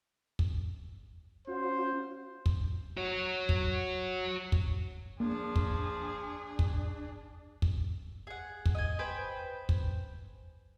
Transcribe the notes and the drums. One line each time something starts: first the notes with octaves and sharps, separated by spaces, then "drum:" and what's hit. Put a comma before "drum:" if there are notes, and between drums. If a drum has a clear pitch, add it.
drum: kick
C#4 F4 F#4 C5
drum: kick
F#4 C#5
drum: kick
drum: kick
F3 A#3 D4 G#4
drum: kick
drum: kick
drum: kick
G#4 F#5
drum: kick
D#5 G#5
B4 C5 G5 G#5
drum: kick